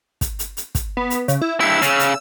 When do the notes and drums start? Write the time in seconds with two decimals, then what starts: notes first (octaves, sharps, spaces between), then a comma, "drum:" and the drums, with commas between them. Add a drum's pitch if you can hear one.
0.21 drum: kick, hi-hat
0.39 drum: hi-hat
0.57 drum: hi-hat
0.75 drum: kick, hi-hat
0.97 B3
1.10 drum: hi-hat
1.28 C#3, drum: hi-hat
1.42 E4
1.60 G2 E4 E6
1.82 C#3, drum: hi-hat
1.99 drum: hi-hat